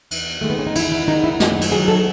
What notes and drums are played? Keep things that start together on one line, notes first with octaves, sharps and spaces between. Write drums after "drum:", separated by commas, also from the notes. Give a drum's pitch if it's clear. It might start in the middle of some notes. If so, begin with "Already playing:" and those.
E2, drum: cymbal
D#3 G#3 A3
B3
C#4
D#4
E2 E4, drum: cymbal
E4
D#3 G#3 D#4
E4
F#2 F#4, drum: snare
drum: cymbal
D#3 F#3 G#4
A4